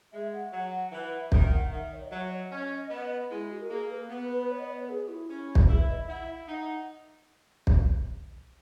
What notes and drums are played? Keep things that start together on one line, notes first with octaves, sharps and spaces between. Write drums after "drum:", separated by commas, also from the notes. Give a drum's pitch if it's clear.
G#3 E5
F#5
F#3 F#5
E3 F#5
E5
D#3, drum: kick
E5
F#5
D#3 E5
C#5
D#5
F#3 E5
C#5
D#5
C#4
B3
G#3 E4
F#4
A#4
A#3 G#4
B4
B3
C#5
D#5
C#5
B4
G#4
E4
C#4
drum: kick
E4 G#4
B4
D#5
E5
E4 F#5
E5
D#4 F#5
F#5
drum: kick